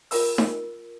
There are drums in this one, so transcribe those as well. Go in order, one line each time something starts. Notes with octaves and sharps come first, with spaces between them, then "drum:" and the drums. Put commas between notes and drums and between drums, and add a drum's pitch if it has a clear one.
F4 A#4 E6, drum: open hi-hat
drum: snare D#4